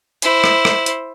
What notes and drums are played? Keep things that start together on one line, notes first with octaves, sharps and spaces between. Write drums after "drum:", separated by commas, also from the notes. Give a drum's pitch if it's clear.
E4 C5, drum: hi-hat
drum: rim click
drum: rim click
drum: hi-hat